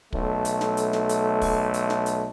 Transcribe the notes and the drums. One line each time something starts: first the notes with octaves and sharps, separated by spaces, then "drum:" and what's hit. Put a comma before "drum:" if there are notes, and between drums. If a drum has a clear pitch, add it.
B1 A3, drum: kick
drum: hi-hat
drum: snare
drum: hi-hat
drum: snare
drum: hi-hat
drum: kick, open hi-hat
drum: hi-hat
drum: snare
drum: hi-hat